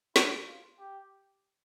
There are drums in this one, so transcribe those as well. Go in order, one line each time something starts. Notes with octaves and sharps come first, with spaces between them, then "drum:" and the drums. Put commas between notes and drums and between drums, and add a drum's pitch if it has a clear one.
E4, drum: snare
F4
G4